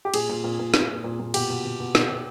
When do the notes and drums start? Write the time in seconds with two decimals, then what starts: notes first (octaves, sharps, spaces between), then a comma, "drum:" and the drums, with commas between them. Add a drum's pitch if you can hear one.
0.05 G4
0.14 A#2 G#4, drum: cymbal
0.29 A#2
0.44 A#2
0.59 A#2
0.74 A#2, drum: snare
0.89 A#2
1.04 A#2
1.20 A#2
1.34 B2 G4, drum: cymbal
1.50 B2
1.65 B2
1.80 B2
1.95 B2, drum: snare
2.10 B2